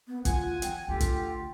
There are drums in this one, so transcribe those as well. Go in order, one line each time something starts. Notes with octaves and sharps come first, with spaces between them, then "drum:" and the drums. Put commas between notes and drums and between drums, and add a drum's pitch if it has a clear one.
B3
D2 F4 F#5 G#5, drum: kick, hi-hat
E3 G5, drum: hi-hat
D2 D3 F4 G4
drum: kick, hi-hat